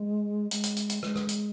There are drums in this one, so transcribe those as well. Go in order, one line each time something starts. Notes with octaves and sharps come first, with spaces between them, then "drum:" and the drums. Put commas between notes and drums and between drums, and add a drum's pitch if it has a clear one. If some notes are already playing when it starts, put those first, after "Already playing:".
Already playing: G#3
G#3, drum: hi-hat
drum: hi-hat
drum: hi-hat
drum: hi-hat
G#3, drum: rim click
drum: rim click
drum: hi-hat